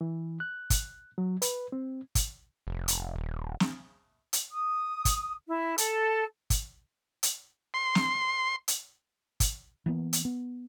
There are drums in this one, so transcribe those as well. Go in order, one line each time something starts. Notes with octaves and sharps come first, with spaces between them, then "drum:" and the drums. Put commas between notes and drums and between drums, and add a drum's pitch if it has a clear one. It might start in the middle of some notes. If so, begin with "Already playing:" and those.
E3
F#6
drum: kick, hi-hat
F#3
B4, drum: hi-hat
C4
drum: kick, hi-hat
F1
drum: hi-hat
D#1
drum: snare
drum: hi-hat
D#6
drum: kick, hi-hat
E4
A4 A5, drum: hi-hat
drum: kick, hi-hat
drum: hi-hat
C6
drum: snare
drum: hi-hat
drum: kick, hi-hat
E3 A#3 B3
drum: hi-hat
B3